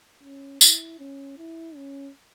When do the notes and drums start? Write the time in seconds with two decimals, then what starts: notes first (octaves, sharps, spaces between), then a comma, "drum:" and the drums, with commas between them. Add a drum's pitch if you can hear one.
0.23 C#4
0.61 E4, drum: tambourine
0.99 C#4
1.38 E4
1.76 C#4